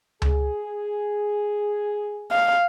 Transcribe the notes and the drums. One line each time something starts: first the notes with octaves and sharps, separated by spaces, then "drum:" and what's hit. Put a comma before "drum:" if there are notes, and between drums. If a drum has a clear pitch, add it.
G#4, drum: tom C#2
F5